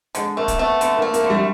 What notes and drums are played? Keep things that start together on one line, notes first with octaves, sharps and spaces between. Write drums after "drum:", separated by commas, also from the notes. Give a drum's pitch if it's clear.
D3 G#3, drum: hi-hat
A3 A#3
drum: kick, hi-hat
A3 B3
D3 B3, drum: hi-hat
A3 A#3
A#3, drum: hi-hat
D3
G3